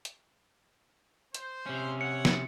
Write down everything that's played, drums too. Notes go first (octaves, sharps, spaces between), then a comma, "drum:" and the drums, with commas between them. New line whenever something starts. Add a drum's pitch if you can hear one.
drum: hi-hat
C5, drum: hi-hat
C3 C#4
C#5 F#5 C#7
drum: snare